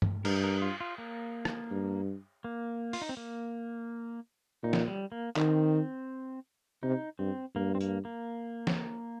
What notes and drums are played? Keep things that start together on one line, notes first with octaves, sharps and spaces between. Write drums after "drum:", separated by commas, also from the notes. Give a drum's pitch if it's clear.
drum: tom G2
G2 A#4, drum: cymbal
A#4
F4
F4
A#3
drum: rim click
G2
A#3
F4, drum: open hi-hat
D#4
C4
A#3
A#2 D#4
drum: snare
G3
A#3
D#3 C4, drum: clap
C3 D#4
G2 C4
G2 A#3
C4
A#3, drum: tambourine
A#3
drum: snare